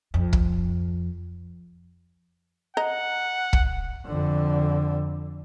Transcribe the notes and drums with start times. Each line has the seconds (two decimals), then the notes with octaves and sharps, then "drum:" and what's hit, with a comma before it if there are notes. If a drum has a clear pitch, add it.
0.14 F2
0.33 drum: kick
2.77 D#5 F#5 A#5
3.53 drum: kick
4.06 F2 D3